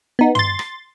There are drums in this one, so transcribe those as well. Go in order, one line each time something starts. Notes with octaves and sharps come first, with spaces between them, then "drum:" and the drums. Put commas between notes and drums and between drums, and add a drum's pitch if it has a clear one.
B3 D#4
C6 A6, drum: tom G2
drum: rim click